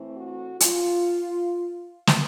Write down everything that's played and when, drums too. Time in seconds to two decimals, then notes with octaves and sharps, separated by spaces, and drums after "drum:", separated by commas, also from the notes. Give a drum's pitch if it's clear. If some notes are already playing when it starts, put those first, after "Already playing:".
Already playing: A2 E3 A3 C4
0.17 F#4
0.60 F4, drum: hi-hat
2.07 drum: snare